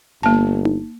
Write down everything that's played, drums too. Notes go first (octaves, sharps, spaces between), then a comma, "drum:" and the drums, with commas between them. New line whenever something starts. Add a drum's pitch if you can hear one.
G1 A#3 A5
drum: tom D#4